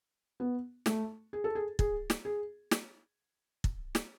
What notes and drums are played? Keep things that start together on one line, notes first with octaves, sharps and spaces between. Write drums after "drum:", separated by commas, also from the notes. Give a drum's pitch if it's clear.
B3
A3, drum: snare
G#4
A4
G#4
G#4, drum: kick
drum: snare
G#4
drum: snare
drum: kick
drum: snare